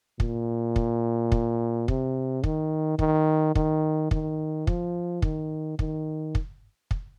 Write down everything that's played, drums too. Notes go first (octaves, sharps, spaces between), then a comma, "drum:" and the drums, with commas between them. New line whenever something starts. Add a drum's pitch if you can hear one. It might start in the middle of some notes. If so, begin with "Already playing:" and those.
A#2, drum: kick
drum: kick
drum: kick
C3, drum: kick
D#3, drum: kick
D#3, drum: kick
D#3, drum: kick
D#3, drum: kick
F3, drum: kick
D#3, drum: kick
D#3, drum: kick
drum: kick
drum: kick